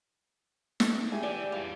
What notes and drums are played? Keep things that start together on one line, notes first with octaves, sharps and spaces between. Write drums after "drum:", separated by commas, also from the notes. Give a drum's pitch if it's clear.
A3, drum: snare
E4 G4 G#4 G#5
E3 D5
E3 G3 F4